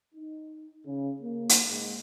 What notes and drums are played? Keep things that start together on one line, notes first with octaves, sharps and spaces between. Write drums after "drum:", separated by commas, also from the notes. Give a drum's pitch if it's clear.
D#4
C#3
A#3
drum: hi-hat
G#2